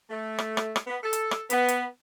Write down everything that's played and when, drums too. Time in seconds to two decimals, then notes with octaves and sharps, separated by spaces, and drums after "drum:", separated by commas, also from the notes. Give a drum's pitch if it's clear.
0.10 A3
0.38 drum: rim click
0.57 drum: rim click
0.76 drum: rim click
0.87 B3
1.03 A4
1.13 drum: hi-hat
1.31 drum: rim click
1.50 B3, drum: hi-hat
1.68 drum: hi-hat